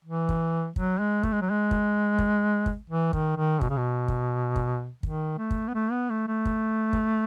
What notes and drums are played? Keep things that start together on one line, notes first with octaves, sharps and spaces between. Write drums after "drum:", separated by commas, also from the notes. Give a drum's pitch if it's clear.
E3
drum: kick
F#3, drum: kick
G#3
A3, drum: kick
G#3
F#3
G#3
drum: kick
drum: kick
drum: kick
E3
D#3, drum: kick
D#3
B2, drum: kick
C#3
B2
drum: kick
drum: kick
D#3, drum: kick
A3
drum: kick
B3
A3
B3
A3
A3
drum: kick
drum: kick